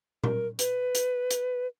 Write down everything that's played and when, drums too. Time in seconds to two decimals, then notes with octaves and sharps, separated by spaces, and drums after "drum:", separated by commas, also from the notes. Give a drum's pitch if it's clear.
0.24 A#4, drum: tom A#2
0.59 B4, drum: hi-hat
0.95 drum: hi-hat
1.31 drum: hi-hat